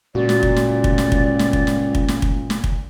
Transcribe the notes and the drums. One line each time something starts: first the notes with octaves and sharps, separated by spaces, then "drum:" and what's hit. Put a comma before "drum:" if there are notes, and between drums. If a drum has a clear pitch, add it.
C#2 A#2 F#4 D5
drum: snare
drum: kick
drum: snare
drum: kick
drum: snare
drum: kick
drum: snare
drum: kick
drum: snare
drum: kick
drum: snare
drum: kick
drum: snare
drum: kick